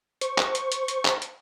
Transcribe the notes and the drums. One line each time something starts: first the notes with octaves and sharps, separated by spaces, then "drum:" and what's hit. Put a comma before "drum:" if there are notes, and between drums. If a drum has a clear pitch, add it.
C5 C#6, drum: hi-hat
drum: clap
drum: hi-hat
drum: hi-hat
drum: hi-hat
drum: clap
drum: hi-hat